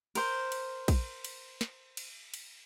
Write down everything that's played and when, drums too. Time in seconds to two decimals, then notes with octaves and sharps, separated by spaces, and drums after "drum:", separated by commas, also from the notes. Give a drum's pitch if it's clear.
0.15 A#4 C5, drum: cymbal
0.52 drum: cymbal
0.88 drum: kick, cymbal
1.25 drum: cymbal
1.61 drum: snare
1.97 drum: cymbal
2.34 drum: cymbal